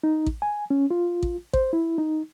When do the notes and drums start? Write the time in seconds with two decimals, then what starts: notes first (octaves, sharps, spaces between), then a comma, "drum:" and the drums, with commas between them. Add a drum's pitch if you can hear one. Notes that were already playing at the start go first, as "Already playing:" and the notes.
0.04 D#4
0.26 drum: kick A1
0.42 G#5
0.70 C#4
0.91 F4
1.23 drum: kick A1
1.53 C5, drum: kick A1
1.73 E4
1.98 D#4